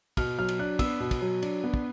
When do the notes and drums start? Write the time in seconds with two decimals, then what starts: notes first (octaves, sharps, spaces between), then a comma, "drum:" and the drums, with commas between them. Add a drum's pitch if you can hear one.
0.17 B2 F6, drum: kick, cymbal
0.38 F#3 F6
0.49 drum: cymbal
0.59 D4 F#6
0.79 B3 E6, drum: kick, cymbal
1.00 B2
1.11 drum: kick, cymbal
1.22 F#3
1.43 D4, drum: cymbal
1.64 B3
1.74 drum: kick